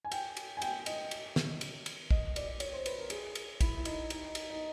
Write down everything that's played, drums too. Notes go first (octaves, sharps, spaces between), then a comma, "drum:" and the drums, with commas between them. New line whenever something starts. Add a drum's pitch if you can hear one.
G#5
G5, drum: cymbal
drum: cymbal
G#5
G5, drum: cymbal
D#5, drum: cymbal
drum: cymbal
drum: snare
drum: cymbal
drum: cymbal
D#5, drum: kick
D5, drum: cymbal
C#5, drum: cymbal
C5
B4, drum: cymbal
A#4
G#4, drum: cymbal
drum: cymbal
E4, drum: kick, cymbal
E4
D#4, drum: cymbal
D#4, drum: cymbal
drum: cymbal
D#4